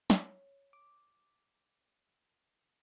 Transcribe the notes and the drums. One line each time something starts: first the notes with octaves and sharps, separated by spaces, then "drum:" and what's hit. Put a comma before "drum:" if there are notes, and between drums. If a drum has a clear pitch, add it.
C#5, drum: snare
D6